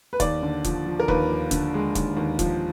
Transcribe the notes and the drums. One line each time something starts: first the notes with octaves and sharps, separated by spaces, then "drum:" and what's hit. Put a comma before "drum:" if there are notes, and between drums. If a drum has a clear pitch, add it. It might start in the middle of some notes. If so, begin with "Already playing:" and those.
B4
D#2 D5, drum: kick E1, hi-hat
D3
F3, drum: kick E1, hi-hat
F3
A#4
D#2 B4, drum: kick E1
F3
D3, drum: kick E1, hi-hat
G#3
D#2, drum: kick E1, hi-hat
D#2
F3, drum: kick E1, hi-hat